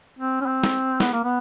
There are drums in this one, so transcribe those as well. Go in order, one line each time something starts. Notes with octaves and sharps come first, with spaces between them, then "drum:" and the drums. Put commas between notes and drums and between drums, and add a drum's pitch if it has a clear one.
C4
C#4
C4
drum: snare
B3, drum: snare
A#3
B3